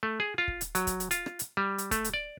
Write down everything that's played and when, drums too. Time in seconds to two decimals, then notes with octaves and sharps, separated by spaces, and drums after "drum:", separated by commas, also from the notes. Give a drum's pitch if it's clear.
0.03 A3
0.20 G#4
0.38 F4
0.48 drum: kick
0.61 drum: hi-hat
0.75 F#3, drum: hi-hat
0.87 drum: kick, hi-hat
1.00 drum: hi-hat
1.11 F4, drum: hi-hat
1.26 drum: rim click
1.39 drum: hi-hat
1.57 G3
1.78 drum: hi-hat
1.91 A3, drum: kick, hi-hat
2.04 drum: hi-hat
2.14 D5